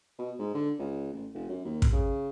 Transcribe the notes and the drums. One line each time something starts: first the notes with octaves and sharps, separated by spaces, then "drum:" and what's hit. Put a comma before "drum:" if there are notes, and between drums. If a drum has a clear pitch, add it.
B2
G#2
D3
C#2
A1
F1
F#2
D#2
drum: kick
C#3